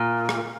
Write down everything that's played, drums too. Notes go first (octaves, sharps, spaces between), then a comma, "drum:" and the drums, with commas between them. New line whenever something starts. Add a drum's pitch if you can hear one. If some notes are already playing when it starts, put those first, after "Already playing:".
Already playing: A#2
drum: rim click